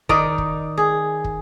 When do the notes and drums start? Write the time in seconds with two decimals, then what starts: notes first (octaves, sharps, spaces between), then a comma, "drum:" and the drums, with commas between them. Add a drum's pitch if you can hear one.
0.09 D#3 D#4 D5, drum: kick
0.38 drum: kick
0.78 G#4
1.24 drum: kick